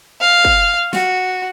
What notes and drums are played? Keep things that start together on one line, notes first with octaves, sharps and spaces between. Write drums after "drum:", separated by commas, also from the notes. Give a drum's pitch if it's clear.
F5
drum: kick
F#4, drum: snare